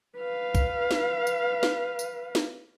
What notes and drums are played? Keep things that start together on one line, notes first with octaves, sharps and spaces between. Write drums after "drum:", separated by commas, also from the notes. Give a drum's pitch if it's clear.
B4 F5
drum: kick, tambourine
drum: snare
drum: tambourine
drum: snare
drum: tambourine
drum: snare